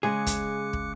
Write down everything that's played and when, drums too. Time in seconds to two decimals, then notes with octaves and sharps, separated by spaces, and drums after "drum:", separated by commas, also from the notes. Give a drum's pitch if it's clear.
0.03 C#3 G#3 G#4 D#5 D6 F#6 C#7
0.27 drum: kick, hi-hat
0.73 drum: kick